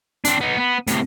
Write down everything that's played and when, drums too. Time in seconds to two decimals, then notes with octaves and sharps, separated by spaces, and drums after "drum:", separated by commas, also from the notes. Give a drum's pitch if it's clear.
0.25 C4 D4, drum: hi-hat
0.41 B3 D#4
0.58 B3
0.87 A2 C3, drum: hi-hat